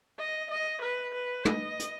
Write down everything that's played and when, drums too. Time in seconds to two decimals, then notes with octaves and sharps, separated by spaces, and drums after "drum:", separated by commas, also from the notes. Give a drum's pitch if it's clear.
0.19 D#5
0.51 D#5
0.82 B4
1.15 B4
1.45 D#5, drum: tom
1.80 drum: hi-hat